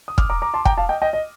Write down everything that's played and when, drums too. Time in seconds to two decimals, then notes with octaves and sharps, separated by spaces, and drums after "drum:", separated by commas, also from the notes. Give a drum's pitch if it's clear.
0.08 D#6
0.18 D6 F6, drum: kick
0.30 A#5 D6
0.42 A#5 D6
0.54 A5 C6
0.65 G5 A#5, drum: kick
0.78 F5 A5
0.89 D#5 G5
1.02 D#5 G5
1.13 D#5